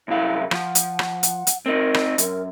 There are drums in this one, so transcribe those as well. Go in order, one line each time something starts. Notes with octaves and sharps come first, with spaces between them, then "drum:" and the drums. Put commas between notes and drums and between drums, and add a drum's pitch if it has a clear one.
C2 F#2 E4 F5
F3 F#5, drum: rim click
drum: hi-hat
drum: rim click
drum: hi-hat
drum: hi-hat
C4 D#4 A#4
drum: rim click
F#2 A#4, drum: hi-hat